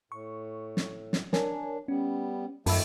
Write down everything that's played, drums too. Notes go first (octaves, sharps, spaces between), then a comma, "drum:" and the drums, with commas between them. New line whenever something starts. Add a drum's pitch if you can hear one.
A2 C#6
drum: snare
drum: snare
D4 A#4 C#5 G#5, drum: snare
G3 B3 C#4
F#2 D#3 F3 A3 A5 B5 E6, drum: open hi-hat